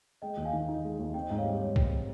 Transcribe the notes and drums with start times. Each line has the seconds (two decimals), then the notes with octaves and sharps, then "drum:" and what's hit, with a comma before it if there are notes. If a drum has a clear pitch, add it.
0.22 G#3 D#5 G5
0.37 D#2
0.45 F5 G#5
0.53 D#3
0.68 D#4
0.84 G#3
0.99 D#2
1.14 C4 D#5 G5
1.30 G#2 D#5
1.38 C#5 F5
1.45 G3
1.61 G#2 C#5
1.76 C4, drum: kick A#1